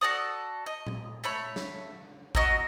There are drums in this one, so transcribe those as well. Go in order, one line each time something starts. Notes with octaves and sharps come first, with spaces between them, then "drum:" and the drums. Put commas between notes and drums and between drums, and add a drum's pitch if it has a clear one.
F#4 A4 D5 D#6
D#5
drum: tom A#2
A3 C#5 B5
drum: snare
F#4 D#5 A#5 E6, drum: kick G#1